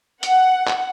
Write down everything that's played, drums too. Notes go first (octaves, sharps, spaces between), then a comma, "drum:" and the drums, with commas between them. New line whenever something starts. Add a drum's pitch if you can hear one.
F#5, drum: hi-hat
drum: clap